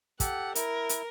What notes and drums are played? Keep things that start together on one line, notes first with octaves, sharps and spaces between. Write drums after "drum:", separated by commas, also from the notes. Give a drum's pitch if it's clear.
G4 A4 F#5, drum: kick, hi-hat
E4 A#4, drum: hi-hat
drum: hi-hat